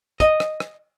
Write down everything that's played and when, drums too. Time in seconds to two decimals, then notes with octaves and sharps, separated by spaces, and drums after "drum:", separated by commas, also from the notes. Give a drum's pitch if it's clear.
0.20 D#5, drum: kick, hi-hat
0.40 drum: rim click
0.60 drum: rim click